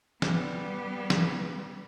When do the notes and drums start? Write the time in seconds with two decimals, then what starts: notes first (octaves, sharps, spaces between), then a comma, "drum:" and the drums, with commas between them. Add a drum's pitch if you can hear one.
0.22 G3 B3, drum: snare
1.10 drum: snare